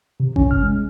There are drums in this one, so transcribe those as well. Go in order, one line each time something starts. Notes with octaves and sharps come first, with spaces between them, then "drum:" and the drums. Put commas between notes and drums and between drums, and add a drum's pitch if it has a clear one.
C3
C#4, drum: kick G1
F6
G#3